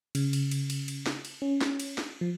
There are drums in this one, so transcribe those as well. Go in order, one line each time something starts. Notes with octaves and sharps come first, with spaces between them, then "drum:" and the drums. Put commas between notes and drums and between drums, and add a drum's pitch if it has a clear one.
C#3, drum: cymbal
drum: cymbal
drum: cymbal
drum: cymbal
drum: cymbal
drum: snare
drum: cymbal
C#4
drum: snare
drum: cymbal
drum: snare
F3